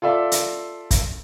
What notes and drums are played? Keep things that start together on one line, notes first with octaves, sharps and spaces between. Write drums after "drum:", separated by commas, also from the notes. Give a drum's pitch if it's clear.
F4 A4 D5 E5
drum: hi-hat
drum: kick, hi-hat